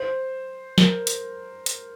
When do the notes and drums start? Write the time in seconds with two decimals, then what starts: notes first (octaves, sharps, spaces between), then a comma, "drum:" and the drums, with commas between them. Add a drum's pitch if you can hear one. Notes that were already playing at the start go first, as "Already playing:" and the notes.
Already playing: C5
0.78 A#4, drum: snare
1.07 drum: hi-hat
1.66 drum: hi-hat